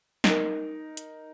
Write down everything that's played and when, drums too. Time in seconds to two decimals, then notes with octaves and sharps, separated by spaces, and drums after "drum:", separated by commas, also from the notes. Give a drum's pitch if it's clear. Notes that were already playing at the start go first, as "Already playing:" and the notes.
0.24 D#4 A#4, drum: snare
0.97 drum: hi-hat